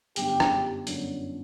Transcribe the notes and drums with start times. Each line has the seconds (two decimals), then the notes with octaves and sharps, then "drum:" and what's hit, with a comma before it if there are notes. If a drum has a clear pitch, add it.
0.16 G1 F#2 D3 G4, drum: hi-hat
0.40 drum: rim click
0.87 G1 F#2 D3, drum: hi-hat